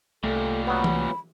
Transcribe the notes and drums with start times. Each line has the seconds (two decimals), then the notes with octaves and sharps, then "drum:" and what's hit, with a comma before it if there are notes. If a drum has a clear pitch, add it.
0.24 C2 A#2 G3 A3 A4
0.67 F#3 B3 B5
0.84 drum: tom E3